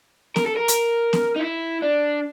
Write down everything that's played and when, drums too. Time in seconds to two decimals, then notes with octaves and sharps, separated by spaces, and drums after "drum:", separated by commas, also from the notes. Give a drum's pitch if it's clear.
0.36 A#4, drum: snare B3
0.46 A4
0.56 A#4
0.68 drum: hi-hat
1.13 drum: snare B3
1.36 D#4
1.39 E4
1.82 D4